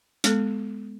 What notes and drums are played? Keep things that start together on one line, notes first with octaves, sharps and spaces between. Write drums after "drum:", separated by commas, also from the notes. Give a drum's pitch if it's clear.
G#3 B3 A4, drum: snare